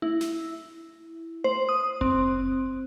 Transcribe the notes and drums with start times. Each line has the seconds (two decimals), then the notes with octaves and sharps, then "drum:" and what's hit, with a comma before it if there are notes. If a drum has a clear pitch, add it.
0.02 E4, drum: tom A3
0.21 drum: snare
1.44 C5, drum: tom A3
1.69 D#6
2.01 C4, drum: kick F#1